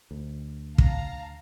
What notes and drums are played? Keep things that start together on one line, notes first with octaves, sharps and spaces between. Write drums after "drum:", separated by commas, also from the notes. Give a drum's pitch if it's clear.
D2
F5 A5 A#5, drum: kick